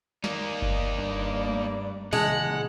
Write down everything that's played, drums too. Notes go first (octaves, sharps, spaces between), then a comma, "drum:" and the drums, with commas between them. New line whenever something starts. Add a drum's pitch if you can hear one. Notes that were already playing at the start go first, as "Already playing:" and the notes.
A#3 D#4 D5, drum: snare
drum: kick F#1
G2
drum: tom G#3
A#2 C#3 E3 G#3 F#5, drum: open hi-hat